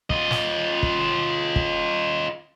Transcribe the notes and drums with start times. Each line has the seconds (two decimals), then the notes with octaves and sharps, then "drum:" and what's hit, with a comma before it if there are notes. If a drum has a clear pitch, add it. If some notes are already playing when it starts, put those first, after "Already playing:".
0.10 F4 D#5, drum: kick
0.31 drum: snare
0.83 drum: kick
1.56 drum: kick